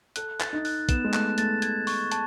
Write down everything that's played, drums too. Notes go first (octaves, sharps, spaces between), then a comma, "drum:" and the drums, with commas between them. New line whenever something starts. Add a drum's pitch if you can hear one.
A4 F#6, drum: hi-hat
A6, drum: clap
D#4
F#6, drum: open hi-hat
B3 E7, drum: kick, hi-hat
G#3
A3 F#6, drum: clap
A3 A6, drum: hi-hat
G#6, drum: hi-hat
C#6, drum: open hi-hat
A5, drum: hi-hat